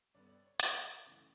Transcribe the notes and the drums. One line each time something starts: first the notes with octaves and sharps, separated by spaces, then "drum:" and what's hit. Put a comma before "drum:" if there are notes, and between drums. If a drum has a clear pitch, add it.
G2 D3 G3 B3 D5
D5
C#5
A2 E3 B3 D5, drum: hi-hat
D5
E5
F#2 C#3 E3 A3